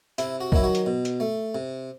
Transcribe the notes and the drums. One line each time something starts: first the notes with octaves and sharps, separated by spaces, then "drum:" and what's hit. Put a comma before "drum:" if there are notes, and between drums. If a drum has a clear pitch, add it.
C3 E4, drum: hi-hat
F#4
D#3 F#3 E4, drum: kick
F#4
drum: hi-hat
B2
drum: hi-hat
A3
C3